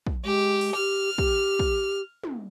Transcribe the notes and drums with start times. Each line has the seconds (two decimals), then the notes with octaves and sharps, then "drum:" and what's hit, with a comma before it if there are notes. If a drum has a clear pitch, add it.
0.07 drum: kick
0.25 G#3 G4
0.61 drum: cymbal
0.76 G4 F6
1.18 G4, drum: kick
1.59 drum: kick
2.24 drum: tom